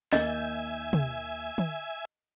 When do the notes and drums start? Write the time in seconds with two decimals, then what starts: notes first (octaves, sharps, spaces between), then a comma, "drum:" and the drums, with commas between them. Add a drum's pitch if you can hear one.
0.13 D#2 A#3 D#5 E5 G#5 G6, drum: snare
0.93 drum: tom
1.58 drum: tom